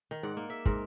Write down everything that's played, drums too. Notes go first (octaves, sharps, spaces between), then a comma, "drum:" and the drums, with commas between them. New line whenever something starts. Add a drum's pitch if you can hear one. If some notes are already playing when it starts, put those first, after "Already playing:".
D#3
G#2 D5 F#5
A#3
E5
G#2 A#4, drum: kick